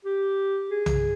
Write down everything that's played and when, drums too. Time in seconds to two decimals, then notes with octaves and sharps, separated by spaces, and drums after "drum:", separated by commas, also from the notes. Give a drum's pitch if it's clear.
0.05 G4
0.70 G#4
0.86 drum: tom B1